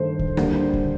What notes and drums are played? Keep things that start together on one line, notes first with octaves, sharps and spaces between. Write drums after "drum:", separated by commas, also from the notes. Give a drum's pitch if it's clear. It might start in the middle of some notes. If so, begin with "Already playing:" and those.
Already playing: G2 D#3 A3 C5
drum: kick C#2
D3 G3 A#3, drum: rim click
drum: kick C#2